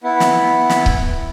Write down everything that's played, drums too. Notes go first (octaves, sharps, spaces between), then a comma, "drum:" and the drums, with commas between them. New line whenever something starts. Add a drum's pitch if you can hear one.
B3 E4
drum: snare
drum: snare
drum: kick C#1